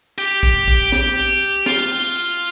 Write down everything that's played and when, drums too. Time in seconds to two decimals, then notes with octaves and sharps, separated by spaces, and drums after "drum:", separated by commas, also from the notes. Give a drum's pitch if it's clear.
0.18 G4, drum: hi-hat
0.43 drum: kick A#1, hi-hat
0.68 drum: kick A#1, hi-hat
0.92 drum: snare
1.17 drum: hi-hat
1.66 F4, drum: snare
1.91 drum: hi-hat
2.16 drum: hi-hat